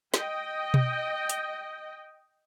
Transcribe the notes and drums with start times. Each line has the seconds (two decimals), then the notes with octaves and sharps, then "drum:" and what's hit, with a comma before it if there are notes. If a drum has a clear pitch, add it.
0.14 D#5 G5, drum: snare
0.74 drum: tom B2
1.29 drum: hi-hat